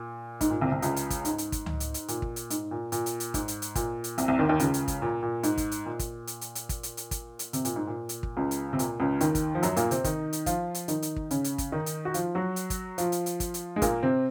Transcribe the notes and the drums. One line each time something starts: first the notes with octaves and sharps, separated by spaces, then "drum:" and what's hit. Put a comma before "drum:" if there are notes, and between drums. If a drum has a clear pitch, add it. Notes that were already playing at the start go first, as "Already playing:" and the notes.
Already playing: A#2
G#2, drum: kick, hi-hat
A#2
C2 C3
C2 C3
C#2 C#3, drum: hi-hat
drum: hi-hat
drum: kick, hi-hat
G#2, drum: hi-hat
drum: hi-hat
drum: kick, hi-hat
drum: tom C#2
drum: hi-hat
drum: hi-hat
A#2, drum: hi-hat
drum: kick
drum: hi-hat
G#2, drum: hi-hat
A#2
A#2, drum: hi-hat
drum: hi-hat
drum: hi-hat
G#2, drum: kick, hi-hat
drum: hi-hat
drum: hi-hat
A#2, drum: kick, hi-hat
drum: hi-hat
C2 C3, drum: hi-hat
C2 C3
D#2 D#3
D#2 D#3
C#2 C#3, drum: hi-hat
drum: hi-hat
drum: kick, hi-hat
A#2
A#2
G#2, drum: hi-hat
drum: kick, hi-hat
drum: hi-hat
A#2
drum: kick, hi-hat
drum: hi-hat
drum: hi-hat
drum: hi-hat
drum: kick, hi-hat
drum: hi-hat
drum: hi-hat
drum: kick, hi-hat
drum: hi-hat
C3, drum: hi-hat
A#2, drum: hi-hat
G#2
A#2
drum: hi-hat
drum: kick
C#2 C#3
drum: hi-hat
C3
A#2, drum: hi-hat
C#2 C#3
D#2 D#3, drum: hi-hat
drum: kick, hi-hat
F3
F#2 F#3, drum: hi-hat
A#2 A#3, drum: hi-hat
C3 C4, drum: hi-hat
D#3 D#4, drum: kick, hi-hat
drum: hi-hat
F3 F4, drum: kick, hi-hat
drum: hi-hat
D#3 D#4, drum: hi-hat
drum: hi-hat
drum: kick
C#3 C#4, drum: hi-hat
drum: hi-hat
drum: kick, hi-hat
D#3 D#4
drum: hi-hat
F#4
F3 F4, drum: hi-hat
F#3 F#4
drum: hi-hat
drum: kick, hi-hat
F3 F4, drum: hi-hat
drum: hi-hat
drum: hi-hat
drum: kick, hi-hat
drum: hi-hat
G#3
A#2 A#3, drum: kick, hi-hat
C3 C4